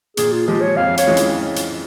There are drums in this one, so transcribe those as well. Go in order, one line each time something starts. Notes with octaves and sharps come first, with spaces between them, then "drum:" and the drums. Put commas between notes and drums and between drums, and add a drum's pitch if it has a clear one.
A#2 G#4, drum: hi-hat
F4
F3 G#3 G4
C#5
F2 F5
C#5, drum: hi-hat
E3 G#3 C#4 F4
drum: hi-hat
drum: hi-hat